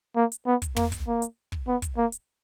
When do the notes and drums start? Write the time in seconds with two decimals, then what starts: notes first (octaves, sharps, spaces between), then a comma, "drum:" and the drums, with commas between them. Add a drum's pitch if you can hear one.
0.16 A#3
0.32 drum: hi-hat
0.47 B3
0.62 drum: kick, hi-hat
0.76 A#3, drum: tom
0.92 drum: kick, hi-hat
1.07 A#3
1.22 drum: hi-hat
1.52 drum: kick
1.67 B3
1.82 drum: kick, hi-hat
1.97 A#3
2.12 drum: hi-hat